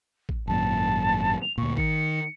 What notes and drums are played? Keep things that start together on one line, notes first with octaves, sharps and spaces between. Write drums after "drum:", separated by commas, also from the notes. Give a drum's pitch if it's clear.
drum: kick A1
G#1 F#2 A#2 A5
F7
D2 A#2 C#6
D#3 C#7, drum: kick A1